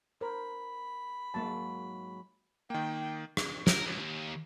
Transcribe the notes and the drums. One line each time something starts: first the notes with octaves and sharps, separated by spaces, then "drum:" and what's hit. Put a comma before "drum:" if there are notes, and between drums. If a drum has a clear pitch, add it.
A#4 C5 B5
G#2 F#3 G#3 A#3 A5
D#3 A#3 G5
drum: rim click
A#4, drum: snare
C#2
D#2